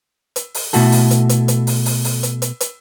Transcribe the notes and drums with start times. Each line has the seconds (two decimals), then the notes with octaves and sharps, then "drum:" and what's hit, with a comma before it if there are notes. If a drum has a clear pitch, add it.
0.36 drum: hi-hat
0.55 drum: open hi-hat
0.73 B2 A3 E4 F#4 A4, drum: open hi-hat
0.92 drum: open hi-hat
1.11 drum: hi-hat
1.29 drum: hi-hat
1.48 drum: hi-hat
1.67 drum: open hi-hat
1.86 drum: open hi-hat
2.04 drum: open hi-hat
2.23 drum: hi-hat
2.42 drum: hi-hat
2.60 drum: hi-hat